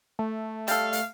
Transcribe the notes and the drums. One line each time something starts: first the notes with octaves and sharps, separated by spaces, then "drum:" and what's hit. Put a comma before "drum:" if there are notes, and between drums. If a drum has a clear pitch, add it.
A3
G3 A4 F5, drum: hi-hat
drum: hi-hat